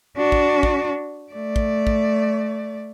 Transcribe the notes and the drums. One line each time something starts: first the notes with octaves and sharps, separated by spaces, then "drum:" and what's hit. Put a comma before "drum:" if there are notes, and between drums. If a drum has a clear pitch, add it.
D4 F#4
drum: kick
drum: kick
A3 D5
drum: kick
drum: kick